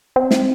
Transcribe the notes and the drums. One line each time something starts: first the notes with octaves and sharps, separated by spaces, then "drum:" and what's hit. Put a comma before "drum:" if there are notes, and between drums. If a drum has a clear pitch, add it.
C4
drum: snare